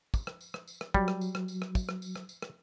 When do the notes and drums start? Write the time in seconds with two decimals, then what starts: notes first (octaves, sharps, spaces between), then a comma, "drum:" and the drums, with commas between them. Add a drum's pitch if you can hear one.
0.14 drum: kick, tambourine
0.27 drum: rim click
0.41 drum: tambourine
0.54 drum: rim click
0.68 drum: tambourine
0.81 drum: rim click
0.94 F#3 G3, drum: kick
1.08 drum: rim click
1.21 drum: tambourine
1.35 drum: rim click
1.48 drum: tambourine
1.62 drum: rim click
1.75 drum: kick, tambourine
1.89 drum: rim click
2.02 drum: tambourine
2.16 drum: rim click
2.29 drum: tambourine
2.42 drum: rim click